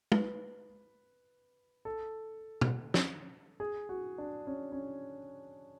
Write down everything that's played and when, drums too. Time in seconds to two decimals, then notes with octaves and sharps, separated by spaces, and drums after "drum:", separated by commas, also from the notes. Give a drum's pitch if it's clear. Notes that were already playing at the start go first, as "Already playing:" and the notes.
0.12 B4, drum: tom
1.85 A4
2.61 drum: tom
2.94 drum: snare
3.60 G#4
3.89 F#4
4.18 D4
4.47 C#4
4.72 C#4